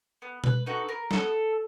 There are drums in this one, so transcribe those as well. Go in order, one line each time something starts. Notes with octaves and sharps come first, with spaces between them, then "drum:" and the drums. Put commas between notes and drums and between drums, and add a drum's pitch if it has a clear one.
B3
B4, drum: tom B2
D#4 F#4 A4 B4
A#4
B3 A4, drum: snare